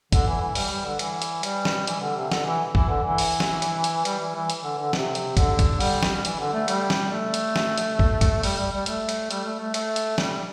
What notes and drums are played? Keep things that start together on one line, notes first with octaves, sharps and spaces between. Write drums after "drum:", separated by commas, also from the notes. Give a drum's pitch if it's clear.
D3, drum: kick, hi-hat
E3
E3
G3, drum: open hi-hat
G3
D3
E3, drum: hi-hat
drum: hi-hat
G3, drum: hi-hat
drum: snare
E3, drum: hi-hat
D3
C3
D3, drum: snare
E3
E3, drum: kick
D3
E3
drum: open hi-hat
drum: snare
drum: hi-hat
drum: hi-hat
G3, drum: hi-hat
E3
E3
drum: hi-hat
D3
D3
C3, drum: snare
drum: hi-hat
D3, drum: kick, hi-hat
drum: kick, hi-hat
G3, drum: open hi-hat
drum: snare
G3
E3, drum: hi-hat
D3
A3
G3, drum: hi-hat
drum: snare
A3
drum: hi-hat
drum: snare
drum: hi-hat
drum: kick
drum: kick, hi-hat
G3, drum: open hi-hat
G3
G3
A3, drum: hi-hat
drum: hi-hat
G3, drum: hi-hat
A3
A3
A3, drum: hi-hat
drum: hi-hat
G3, drum: snare